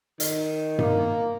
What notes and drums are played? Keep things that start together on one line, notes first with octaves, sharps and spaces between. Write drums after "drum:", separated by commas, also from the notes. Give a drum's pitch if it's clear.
D#3, drum: hi-hat
A#3, drum: tom G2